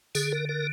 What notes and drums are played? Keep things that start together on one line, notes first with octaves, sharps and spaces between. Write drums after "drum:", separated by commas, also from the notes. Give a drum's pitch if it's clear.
D3 G#4, drum: tambourine
A#4
A#4